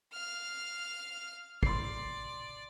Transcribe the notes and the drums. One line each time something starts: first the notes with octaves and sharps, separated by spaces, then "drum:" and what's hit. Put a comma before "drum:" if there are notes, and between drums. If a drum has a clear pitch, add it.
F5 F6
D5 C6 C7, drum: kick